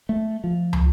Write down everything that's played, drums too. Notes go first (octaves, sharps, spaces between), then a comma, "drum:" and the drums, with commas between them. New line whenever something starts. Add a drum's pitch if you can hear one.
A3
F3
drum: tom